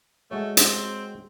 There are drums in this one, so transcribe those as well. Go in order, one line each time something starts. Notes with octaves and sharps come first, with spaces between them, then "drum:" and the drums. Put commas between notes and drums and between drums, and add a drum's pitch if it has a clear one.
G#3 A3 F#4 C#5
C4, drum: hi-hat